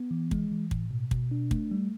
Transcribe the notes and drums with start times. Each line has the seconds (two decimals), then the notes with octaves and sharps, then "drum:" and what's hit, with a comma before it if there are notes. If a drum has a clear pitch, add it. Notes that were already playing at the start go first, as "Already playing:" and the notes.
Already playing: B3
0.11 E3
0.31 G#3, drum: kick
0.51 E3
0.71 A2, drum: kick
0.91 B2
1.11 B2, drum: kick
1.31 D4
1.51 A3, drum: kick
1.71 G3